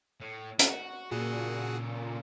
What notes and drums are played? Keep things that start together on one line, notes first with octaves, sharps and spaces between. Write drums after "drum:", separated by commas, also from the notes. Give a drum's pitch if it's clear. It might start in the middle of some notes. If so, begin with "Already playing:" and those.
A2
F#4, drum: hi-hat
A#2 C#3 F#4 G#4 A4 F#5